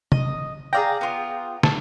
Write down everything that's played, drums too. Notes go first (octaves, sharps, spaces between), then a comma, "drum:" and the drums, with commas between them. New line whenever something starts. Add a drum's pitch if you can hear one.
D#5, drum: tom C3
G#4 D5 F5 G5 A#5
B3 F4
A5, drum: snare